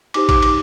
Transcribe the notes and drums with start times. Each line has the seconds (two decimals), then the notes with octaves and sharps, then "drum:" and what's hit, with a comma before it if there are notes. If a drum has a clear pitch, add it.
0.14 D#4 G4 C5 D6, drum: cymbal
0.29 D6, drum: kick A1, cymbal
0.42 D6, drum: cymbal